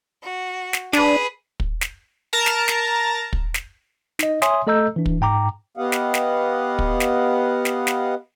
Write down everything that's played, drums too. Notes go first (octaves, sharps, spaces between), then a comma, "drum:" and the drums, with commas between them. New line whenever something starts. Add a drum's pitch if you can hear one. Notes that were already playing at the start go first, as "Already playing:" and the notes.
F#4
drum: snare
D4 G#4 B4, drum: snare
drum: kick
drum: snare
A#4 A5 A#5
drum: snare
drum: snare
drum: kick
drum: snare
D#4 D#5, drum: snare
C#5 E5 G#5 C6 D#6, drum: snare
A3 A4 D#5 A#5 E6 G6
E3 D4
drum: kick
G#2 G5 A#5 D6
B3 G4 D#5 F5 F#5
drum: snare
drum: snare
drum: kick
drum: snare
drum: snare
drum: snare